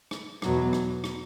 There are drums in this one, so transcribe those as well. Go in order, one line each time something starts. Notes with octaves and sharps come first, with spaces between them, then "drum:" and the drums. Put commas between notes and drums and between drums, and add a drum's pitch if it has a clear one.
drum: rim click
E2 B2 F#3, drum: rim click
drum: rim click
drum: rim click